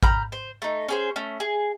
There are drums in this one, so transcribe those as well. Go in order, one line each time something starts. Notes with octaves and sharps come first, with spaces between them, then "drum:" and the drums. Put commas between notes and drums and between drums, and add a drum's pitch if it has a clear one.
A#5 B5 F6 G6, drum: kick A1
C5
A3 D#4
C#4 G#4 C5
A3 C#4
G#4